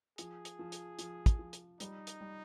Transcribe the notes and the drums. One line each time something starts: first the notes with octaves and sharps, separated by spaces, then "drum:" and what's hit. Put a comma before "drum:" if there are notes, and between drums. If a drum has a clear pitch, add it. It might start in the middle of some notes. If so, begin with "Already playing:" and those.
F3 G#4, drum: hi-hat
drum: hi-hat
F3
drum: hi-hat
F3, drum: hi-hat
drum: kick, hi-hat
F3
drum: hi-hat
G3 D#4, drum: hi-hat
drum: hi-hat
G3